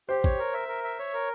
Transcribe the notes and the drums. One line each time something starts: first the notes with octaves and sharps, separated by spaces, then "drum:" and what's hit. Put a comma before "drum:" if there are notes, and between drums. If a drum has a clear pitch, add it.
G4 C5
C#5, drum: kick A1
A#4
E5
A#4
E5
C#5
A#4